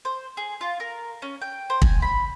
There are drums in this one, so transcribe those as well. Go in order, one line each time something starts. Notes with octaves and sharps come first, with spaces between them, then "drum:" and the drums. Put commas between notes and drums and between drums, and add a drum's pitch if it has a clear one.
C5
G#4
F4
A#4
C#4
G5
C5
G#5, drum: kick
B5